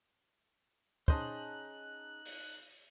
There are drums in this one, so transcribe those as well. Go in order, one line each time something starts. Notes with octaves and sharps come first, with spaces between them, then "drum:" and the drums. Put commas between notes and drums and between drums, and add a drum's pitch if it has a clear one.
C#4 D#4 G#4 C5 D#5 A5 F#6, drum: kick
drum: open hi-hat